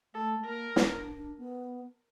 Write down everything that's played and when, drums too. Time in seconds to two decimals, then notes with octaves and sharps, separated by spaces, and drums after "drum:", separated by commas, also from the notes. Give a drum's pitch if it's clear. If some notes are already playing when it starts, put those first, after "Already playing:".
0.14 A3 A4
0.39 A3
0.45 A#3 A#4
0.76 C#4, drum: snare
0.97 D4
1.17 D4
1.38 B3